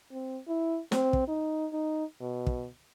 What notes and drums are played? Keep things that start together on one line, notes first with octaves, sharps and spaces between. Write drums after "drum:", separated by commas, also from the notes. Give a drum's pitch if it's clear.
C4
E4
C4, drum: snare
drum: kick
D#4
D#4
B2
drum: kick